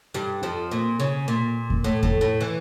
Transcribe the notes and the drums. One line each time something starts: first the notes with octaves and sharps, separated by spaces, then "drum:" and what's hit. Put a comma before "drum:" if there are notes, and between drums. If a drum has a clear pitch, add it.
G2 G3
F2 F3
A#2
C#3
A#2
drum: kick E2
A2
A2, drum: kick E2
A2
E3